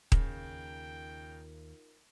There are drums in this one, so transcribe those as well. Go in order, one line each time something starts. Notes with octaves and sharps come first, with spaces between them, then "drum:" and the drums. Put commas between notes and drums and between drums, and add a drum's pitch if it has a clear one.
D#2 C#3 D#4 F4 A#4 G5, drum: kick D#1